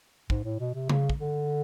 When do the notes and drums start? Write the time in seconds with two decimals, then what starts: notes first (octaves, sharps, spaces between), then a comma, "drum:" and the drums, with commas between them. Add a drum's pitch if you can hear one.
0.30 G#2, drum: kick
0.44 A2
0.59 B2
0.74 C3
0.90 C#3, drum: tom C#3
1.10 drum: kick
1.19 D3